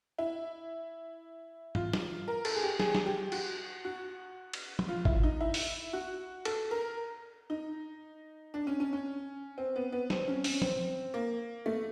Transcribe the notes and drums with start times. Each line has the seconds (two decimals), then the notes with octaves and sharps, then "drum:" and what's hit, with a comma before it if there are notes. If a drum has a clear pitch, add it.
0.19 E4
1.75 F4, drum: tom
1.93 drum: snare
2.28 A#4
2.45 A4, drum: cymbal
2.56 G#4
2.63 G4
2.80 G#4, drum: snare
2.95 drum: snare
3.06 G4
3.32 F#4, drum: cymbal
3.85 F#4
4.53 drum: cymbal
4.79 drum: tom
4.88 F4
5.05 E4, drum: kick
5.23 D#4
5.41 E4
5.54 drum: open hi-hat
5.93 F#4
6.45 A4, drum: cymbal
6.71 A#4
7.50 D#4
8.54 D4
8.67 C#4
8.80 C#4
8.93 C#4
9.58 C4
9.76 B3
9.92 B3
10.10 C4, drum: snare
10.28 C#4
10.44 C#4, drum: open hi-hat
10.62 C4, drum: tom
11.14 A#3
11.66 A3